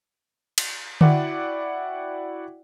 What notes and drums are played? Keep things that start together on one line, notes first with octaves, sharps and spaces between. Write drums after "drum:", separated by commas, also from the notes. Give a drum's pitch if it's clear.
drum: cymbal
E4 F#4 D5 F#5 G5 D6, drum: tom D3